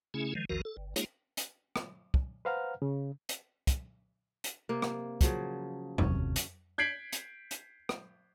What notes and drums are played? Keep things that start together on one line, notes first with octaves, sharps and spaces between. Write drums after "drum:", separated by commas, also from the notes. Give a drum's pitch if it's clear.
C#3 A3 C#4 E4 G#4
D#3 F3 G#3
A#1 E2 D#3 F3 F#4 A#4
A4
G1
G#3 A#3 D#4 F4 G#4 C#5, drum: hi-hat
drum: hi-hat
drum: rim click
drum: kick
B4 C5 F5 F#5 A#5 F6
C#3
drum: hi-hat
drum: kick, hi-hat
drum: hi-hat
C3 A#3
drum: rim click
C#3 F3 F#3, drum: kick, hi-hat
G1 D#2 C3 C#4, drum: tom F2
drum: hi-hat
G6 G#6 B6 C7 D7 F#7
drum: hi-hat
drum: hi-hat
drum: rim click